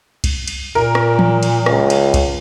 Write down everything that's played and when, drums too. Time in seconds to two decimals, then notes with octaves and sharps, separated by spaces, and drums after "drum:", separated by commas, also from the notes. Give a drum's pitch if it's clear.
0.24 drum: kick C2, cymbal
0.48 drum: cymbal
0.75 A#2 A#4
0.95 drum: rim click
1.19 drum: tom E3
1.43 drum: cymbal
1.66 C#2, drum: rim click
1.90 drum: cymbal
2.14 drum: kick C2, cymbal